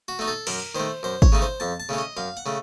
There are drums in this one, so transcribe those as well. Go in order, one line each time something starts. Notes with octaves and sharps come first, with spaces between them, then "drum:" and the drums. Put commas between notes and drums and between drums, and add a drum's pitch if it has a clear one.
F#4
A3 D#4
A4
F#2 A#4, drum: cymbal
D#3 A3 C5
F#2 C5
C#5, drum: kick G#1
C#3 A3 D#4
C5
F2 A5
A5
C#3 A3 C#4
D#5
F#2 F5
F#5
C#3 A3